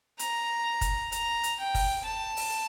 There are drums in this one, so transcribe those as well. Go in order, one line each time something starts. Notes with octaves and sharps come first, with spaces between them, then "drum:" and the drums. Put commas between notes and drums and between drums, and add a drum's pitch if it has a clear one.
A#5, drum: hi-hat
drum: kick, hi-hat
A#5, drum: hi-hat
drum: hi-hat
G5
drum: kick, open hi-hat
A5
drum: open hi-hat